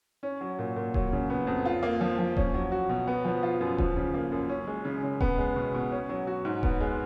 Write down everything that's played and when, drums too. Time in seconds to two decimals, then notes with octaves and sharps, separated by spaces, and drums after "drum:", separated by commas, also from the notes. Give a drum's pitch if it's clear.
0.23 C#4
0.41 F#3
0.59 A#2
0.76 A#2
0.94 F#3, drum: kick D#1
1.12 C#3
1.30 B3
1.47 F2
1.65 F4
1.83 A#3
2.01 F3
2.18 F3
2.37 C#4, drum: kick D#1
2.54 F#3
2.72 F#4
2.89 B2
3.07 B3
3.25 F3
3.43 F4
3.61 F#2
3.78 F3, drum: kick D#1
3.96 C#3
4.14 A#3
4.32 F#2
4.49 C#4
4.67 G#3
4.85 C#3
5.03 C#3
5.21 B3, drum: kick D#1
5.38 G#3
5.56 B2
5.74 B2
5.91 C#4
6.09 F#3
6.27 F#4
6.45 G#2
6.63 B3, drum: kick D#1
6.80 G#3